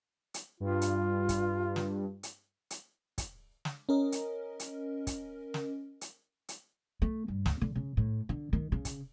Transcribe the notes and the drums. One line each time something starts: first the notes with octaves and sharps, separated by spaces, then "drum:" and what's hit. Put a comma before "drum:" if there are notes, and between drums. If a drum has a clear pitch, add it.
drum: hi-hat
G2 F4
drum: hi-hat
drum: kick, hi-hat
drum: snare
drum: hi-hat
drum: hi-hat
drum: kick, hi-hat
drum: snare
C#4 A#4 D#5
drum: hi-hat
drum: hi-hat
drum: kick, hi-hat
drum: snare
drum: hi-hat
drum: hi-hat
A3
G2
D2, drum: snare
D3
C#3
A2
D3
D#3
C#3
drum: kick, hi-hat